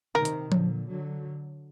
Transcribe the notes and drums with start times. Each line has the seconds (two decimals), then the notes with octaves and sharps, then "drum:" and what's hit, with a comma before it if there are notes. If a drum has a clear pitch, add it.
0.15 C3 D#3 A#4
0.25 drum: hi-hat
0.52 A#2 D3, drum: tom F3
0.87 D3 F#3